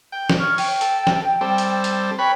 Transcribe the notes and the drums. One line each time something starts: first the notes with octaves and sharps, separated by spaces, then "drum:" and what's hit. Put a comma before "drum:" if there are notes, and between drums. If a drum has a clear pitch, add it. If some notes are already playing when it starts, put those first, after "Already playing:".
G5
drum: snare
C#5 F6
G5, drum: open hi-hat
A4, drum: hi-hat
drum: snare
G3 C4 A4
drum: hi-hat
drum: hi-hat
B4 C#5 G5 B5